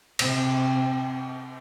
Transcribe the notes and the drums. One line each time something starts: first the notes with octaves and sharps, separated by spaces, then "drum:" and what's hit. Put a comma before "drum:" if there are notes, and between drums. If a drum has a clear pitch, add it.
C3 C4, drum: cymbal